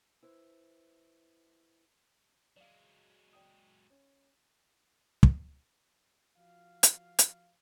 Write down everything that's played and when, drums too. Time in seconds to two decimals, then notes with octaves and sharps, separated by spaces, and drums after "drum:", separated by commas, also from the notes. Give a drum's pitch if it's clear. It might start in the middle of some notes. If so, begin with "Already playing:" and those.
0.22 E4 B4 C5
2.56 F#3 G#3 D5 F5
3.33 D5 G5 D#6
3.90 C#4
5.23 drum: kick
6.36 F3 F#4 F5
6.83 drum: hi-hat
7.19 drum: hi-hat